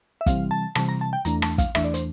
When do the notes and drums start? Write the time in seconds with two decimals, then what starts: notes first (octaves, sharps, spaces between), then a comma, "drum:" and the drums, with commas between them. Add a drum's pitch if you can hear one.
0.21 E5
0.26 C3 E3 G3 C4 F5, drum: kick, hi-hat
0.51 A5
0.75 C3 E3 G3 C4 A5, drum: rim click
0.89 A#5
1.01 A5
1.13 G5
1.25 E2 E3 A3 D4 A#5, drum: hi-hat
1.42 A5, drum: rim click
1.58 F5, drum: kick, hi-hat
1.75 E2 E3 A3 D4 E5, drum: rim click
1.84 D5
1.94 C5, drum: hi-hat